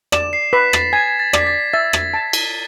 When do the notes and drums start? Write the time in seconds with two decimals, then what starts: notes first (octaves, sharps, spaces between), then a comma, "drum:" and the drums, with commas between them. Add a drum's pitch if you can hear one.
0.12 D5 E7, drum: rim click
0.33 C7
0.53 B4 B6
0.73 A6, drum: rim click
0.93 G#5 G#6
1.19 A6
1.33 D5 B6, drum: rim click
1.47 A6
1.73 E5 A6
1.93 drum: rim click
2.14 A5
2.33 drum: cymbal